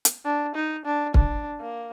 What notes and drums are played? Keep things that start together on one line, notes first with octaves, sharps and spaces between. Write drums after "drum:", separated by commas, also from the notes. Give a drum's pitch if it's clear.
drum: hi-hat
D4
D#4
D4
D4, drum: kick
A#3